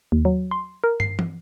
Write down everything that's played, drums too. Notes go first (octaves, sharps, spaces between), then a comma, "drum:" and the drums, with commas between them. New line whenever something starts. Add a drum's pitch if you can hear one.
D#2
F#3
C6
A#4
C7, drum: tom
drum: tom